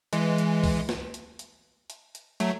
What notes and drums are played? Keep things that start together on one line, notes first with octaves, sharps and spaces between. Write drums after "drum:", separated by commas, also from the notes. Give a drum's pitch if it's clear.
E3 G#3, drum: hi-hat
drum: hi-hat
drum: kick, open hi-hat
drum: snare
drum: hi-hat
drum: hi-hat
drum: hi-hat
drum: hi-hat
F#3 A3, drum: hi-hat